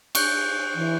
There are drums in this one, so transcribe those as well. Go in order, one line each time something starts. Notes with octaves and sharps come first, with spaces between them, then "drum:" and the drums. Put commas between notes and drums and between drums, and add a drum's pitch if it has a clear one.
C#6 F#6 G6, drum: cymbal
E3